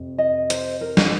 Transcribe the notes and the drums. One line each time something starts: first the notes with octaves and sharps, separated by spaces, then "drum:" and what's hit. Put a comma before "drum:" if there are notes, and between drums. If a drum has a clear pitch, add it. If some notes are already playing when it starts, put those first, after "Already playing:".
Already playing: F2 C3
D#5
C5, drum: hi-hat
A#4
drum: snare